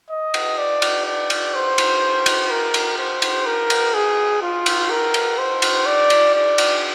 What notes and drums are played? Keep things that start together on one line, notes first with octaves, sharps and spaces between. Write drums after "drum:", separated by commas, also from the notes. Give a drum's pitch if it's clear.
D#5
drum: cymbal
D5
drum: cymbal
D5
drum: cymbal
C5
drum: cymbal
drum: cymbal
A#4
drum: cymbal
C5
drum: cymbal
A#4
drum: cymbal
G#4
F4
drum: cymbal
A#4
drum: cymbal
C5
drum: cymbal
D5
drum: cymbal
D5
drum: cymbal